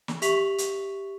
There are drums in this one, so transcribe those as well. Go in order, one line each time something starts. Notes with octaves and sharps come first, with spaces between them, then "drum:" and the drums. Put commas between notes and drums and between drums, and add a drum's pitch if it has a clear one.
drum: snare
G4 E5 C#6 B6 F7 F#7, drum: hi-hat
drum: hi-hat